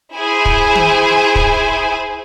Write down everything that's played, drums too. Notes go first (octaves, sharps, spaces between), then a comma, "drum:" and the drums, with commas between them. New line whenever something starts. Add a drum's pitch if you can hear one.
E4 G#4 C5 G#5
drum: kick
drum: tom
drum: kick